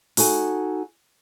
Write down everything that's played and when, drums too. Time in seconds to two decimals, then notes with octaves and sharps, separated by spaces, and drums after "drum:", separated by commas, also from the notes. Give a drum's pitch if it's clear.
0.17 D#4 F#4 A4 G#5, drum: open hi-hat